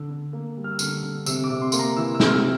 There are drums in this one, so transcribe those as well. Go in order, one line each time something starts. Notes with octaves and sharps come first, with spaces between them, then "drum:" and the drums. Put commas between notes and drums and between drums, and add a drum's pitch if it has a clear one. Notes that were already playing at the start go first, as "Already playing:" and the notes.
Already playing: D3 E6
D3
A#3
G3
F6
E6
D3 F6, drum: tambourine
D3
C3 E6, drum: tambourine
D6
C3
C6
A#3 C6, drum: tambourine
A#5
E3 E6
E6
C3, drum: snare
F6
E6